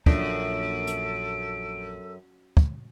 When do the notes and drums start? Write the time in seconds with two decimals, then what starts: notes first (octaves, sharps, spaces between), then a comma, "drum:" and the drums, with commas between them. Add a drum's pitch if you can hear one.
0.06 A#1 F#2 A#2 D4 A4 D7, drum: kick
0.87 drum: hi-hat
2.57 drum: kick